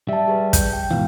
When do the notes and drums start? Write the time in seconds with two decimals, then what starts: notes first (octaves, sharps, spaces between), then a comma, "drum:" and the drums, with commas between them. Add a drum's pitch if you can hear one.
0.09 G3 E5 A5
0.28 G4 G#4 B4
0.53 G6, drum: kick, hi-hat
0.73 G5
0.91 G#2 B2 E3 F5